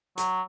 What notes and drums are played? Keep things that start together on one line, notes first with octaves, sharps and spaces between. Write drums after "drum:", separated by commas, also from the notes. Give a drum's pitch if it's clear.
F#3, drum: hi-hat